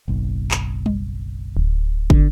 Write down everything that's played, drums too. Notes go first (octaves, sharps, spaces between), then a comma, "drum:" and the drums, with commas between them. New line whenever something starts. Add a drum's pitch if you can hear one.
F#1 B1
drum: clap
drum: tom G3
D1
D3, drum: kick